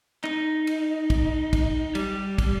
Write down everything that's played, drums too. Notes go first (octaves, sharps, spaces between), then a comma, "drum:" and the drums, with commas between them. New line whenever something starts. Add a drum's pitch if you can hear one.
D#4, drum: clap
drum: cymbal
drum: kick, cymbal
drum: kick, cymbal
G3, drum: cymbal
drum: kick, cymbal